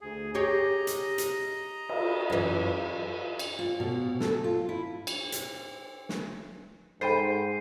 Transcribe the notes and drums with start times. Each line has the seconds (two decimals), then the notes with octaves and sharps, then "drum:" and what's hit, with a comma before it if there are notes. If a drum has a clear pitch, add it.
0.01 D2 G#4
0.35 G4 G#4 C#5 D#5 A#5
0.87 drum: hi-hat
1.18 drum: hi-hat
1.89 drum: cymbal
2.30 F#2 E3
3.39 drum: cymbal
3.59 F4
3.80 B2
4.20 A4, drum: snare
4.44 F4
4.69 E4
5.07 drum: cymbal
5.32 drum: hi-hat
6.09 drum: snare
7.01 G#2 A4 C5 G5 B5 A6 C7 D#7